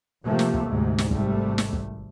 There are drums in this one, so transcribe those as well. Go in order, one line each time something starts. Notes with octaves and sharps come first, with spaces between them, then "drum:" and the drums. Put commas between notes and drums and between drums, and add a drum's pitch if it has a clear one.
F2 C3 F3 A3 A#3
drum: snare
drum: kick
D2 G#2 C3
drum: snare
G#1 C3 G3 A3, drum: kick
drum: snare
drum: kick